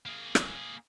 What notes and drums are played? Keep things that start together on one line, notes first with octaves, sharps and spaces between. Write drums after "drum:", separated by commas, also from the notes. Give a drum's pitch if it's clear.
A#3 G#4
drum: rim click